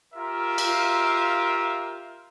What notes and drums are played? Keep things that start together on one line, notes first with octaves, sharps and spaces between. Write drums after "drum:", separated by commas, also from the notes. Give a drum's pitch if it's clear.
F4 G4 A#4 E5 F5
drum: cymbal